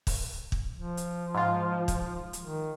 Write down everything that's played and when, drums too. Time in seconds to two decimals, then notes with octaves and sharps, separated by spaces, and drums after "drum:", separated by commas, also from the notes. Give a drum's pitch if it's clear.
0.07 drum: kick, open hi-hat
0.52 drum: kick
0.75 F3
0.97 drum: hi-hat
1.35 G#2 F4
1.88 drum: kick, hi-hat
2.33 drum: hi-hat
2.43 D#3